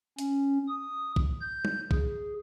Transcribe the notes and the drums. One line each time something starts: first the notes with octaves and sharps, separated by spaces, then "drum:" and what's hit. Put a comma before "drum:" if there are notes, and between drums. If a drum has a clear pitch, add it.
C#4, drum: hi-hat
D#6
drum: kick
G6
drum: tom G3
G#4, drum: kick